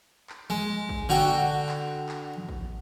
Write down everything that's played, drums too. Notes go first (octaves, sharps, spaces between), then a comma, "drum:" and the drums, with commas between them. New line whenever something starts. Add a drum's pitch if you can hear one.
drum: clap
G#3
drum: kick
D3 F#4 G5
drum: clap
drum: clap
drum: kick